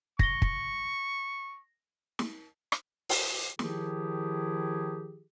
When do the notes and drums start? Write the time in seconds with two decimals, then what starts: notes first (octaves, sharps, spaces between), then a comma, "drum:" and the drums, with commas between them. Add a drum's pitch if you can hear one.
0.19 C#6 A#6 G7, drum: kick
0.42 drum: kick
2.19 drum: snare
2.72 drum: rim click
3.09 drum: open hi-hat
3.59 D#3 F3 E4 G4 G#4, drum: snare